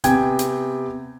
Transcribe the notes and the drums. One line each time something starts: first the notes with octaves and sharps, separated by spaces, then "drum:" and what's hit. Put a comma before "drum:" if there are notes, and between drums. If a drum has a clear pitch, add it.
C3 B3 G5 G#5 G#6, drum: hi-hat
drum: hi-hat